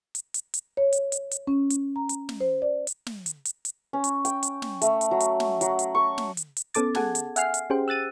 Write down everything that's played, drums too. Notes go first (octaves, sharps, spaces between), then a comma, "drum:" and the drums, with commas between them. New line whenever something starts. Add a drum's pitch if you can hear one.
drum: hi-hat
drum: hi-hat
drum: hi-hat
C#5
drum: hi-hat
drum: hi-hat
drum: hi-hat
C#4
drum: hi-hat
A#5
drum: hi-hat
drum: snare
C5
D5
drum: hi-hat
drum: snare
drum: hi-hat
drum: hi-hat
drum: hi-hat
C#4
drum: hi-hat
G5, drum: hi-hat
drum: hi-hat
drum: snare
A3, drum: hi-hat
drum: hi-hat
F#3
drum: hi-hat
drum: snare
F#3, drum: hi-hat
drum: hi-hat
C#6
drum: snare
drum: hi-hat
drum: hi-hat
B3 C#4 A4 D6 A6, drum: hi-hat
G#4 A4 F#5 A5 G#6, drum: snare
drum: hi-hat
E5 F#5 G#5 F6 C7, drum: hi-hat
drum: hi-hat
C#4 G4 G#4 C5 G5
E6 F#6 A6 D#7